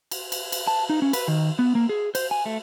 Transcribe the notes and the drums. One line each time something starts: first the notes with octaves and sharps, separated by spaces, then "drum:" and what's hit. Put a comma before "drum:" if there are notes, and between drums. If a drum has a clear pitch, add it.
drum: cymbal
drum: cymbal
drum: cymbal
A5
D#4
C#4
B4, drum: cymbal
D#3
B3
A#3
G#4
C5, drum: cymbal
G#5
A3